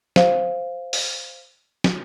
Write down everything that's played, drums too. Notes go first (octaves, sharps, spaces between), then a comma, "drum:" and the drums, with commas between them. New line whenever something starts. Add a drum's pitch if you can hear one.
C5 F5, drum: snare
drum: open hi-hat
drum: snare